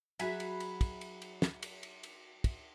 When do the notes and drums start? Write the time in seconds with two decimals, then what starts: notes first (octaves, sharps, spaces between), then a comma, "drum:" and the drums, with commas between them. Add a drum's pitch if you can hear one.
0.19 F#3 F#4 G#4 E5 G#5 B5, drum: cymbal
0.40 drum: cymbal
0.60 drum: cymbal
0.81 drum: kick, cymbal
1.01 drum: cymbal
1.22 drum: cymbal
1.42 drum: snare
1.63 drum: cymbal
1.83 drum: cymbal
2.03 drum: cymbal
2.44 drum: kick, cymbal